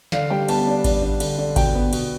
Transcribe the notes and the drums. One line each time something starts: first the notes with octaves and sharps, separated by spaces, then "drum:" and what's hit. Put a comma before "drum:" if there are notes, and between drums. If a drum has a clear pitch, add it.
D3 F5, drum: snare
G3 G5
B3 A5, drum: cymbal
D4
D4, drum: kick G#1, cymbal
D4
D3, drum: cymbal
D3
B2 G5, drum: kick G#1, cymbal
B3
B2, drum: cymbal